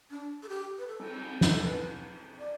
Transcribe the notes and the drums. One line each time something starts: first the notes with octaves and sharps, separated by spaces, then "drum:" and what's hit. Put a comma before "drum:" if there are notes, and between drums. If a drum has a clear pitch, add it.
D4
A4
G4
B4
A4
drum: cymbal
drum: snare
A4
B4
D5